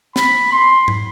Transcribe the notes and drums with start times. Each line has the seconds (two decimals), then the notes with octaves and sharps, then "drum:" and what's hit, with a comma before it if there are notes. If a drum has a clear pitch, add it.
0.16 B5, drum: snare
0.52 C6
0.88 drum: tom G#2